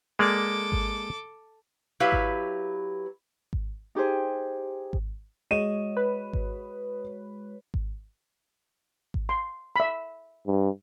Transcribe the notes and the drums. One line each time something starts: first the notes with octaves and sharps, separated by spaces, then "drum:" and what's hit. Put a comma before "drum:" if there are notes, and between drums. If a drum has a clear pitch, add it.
G#3 A#3 A4 D5 D6
drum: kick G#1
F#3 E4 G4 B4 E5 F5
drum: kick G#1
drum: kick G#1
D#4 G4 G#4 C5
drum: kick G#1
G#3 F#4 C#5 D#5 D#7 E7
B4
drum: kick G#1
drum: kick G#1
drum: kick G#1
C6
E5 B5
G2